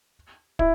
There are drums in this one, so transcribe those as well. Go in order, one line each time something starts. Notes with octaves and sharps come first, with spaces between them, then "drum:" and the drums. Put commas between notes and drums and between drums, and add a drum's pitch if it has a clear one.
E4, drum: kick